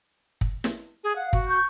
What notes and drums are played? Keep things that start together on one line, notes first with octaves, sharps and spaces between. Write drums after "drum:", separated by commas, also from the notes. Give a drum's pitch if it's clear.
drum: kick
drum: snare
G#4
F5 F#5
F#4, drum: kick
C#6 G6